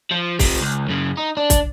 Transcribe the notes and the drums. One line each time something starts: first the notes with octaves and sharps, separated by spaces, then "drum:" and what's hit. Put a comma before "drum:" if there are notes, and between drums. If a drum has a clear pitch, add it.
F3
C3 F3, drum: kick, open hi-hat
C#2
F#2 C#3
D#4
D4
drum: kick, hi-hat